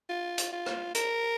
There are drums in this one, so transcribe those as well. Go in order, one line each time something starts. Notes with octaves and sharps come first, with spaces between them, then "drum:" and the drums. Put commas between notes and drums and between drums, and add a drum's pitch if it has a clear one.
F4
drum: hi-hat
F4
drum: rim click
A#4, drum: hi-hat